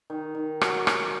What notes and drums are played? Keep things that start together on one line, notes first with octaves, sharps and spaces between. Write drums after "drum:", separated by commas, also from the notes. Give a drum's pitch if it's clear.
D#3
D#3
F#3, drum: rim click
F#3, drum: rim click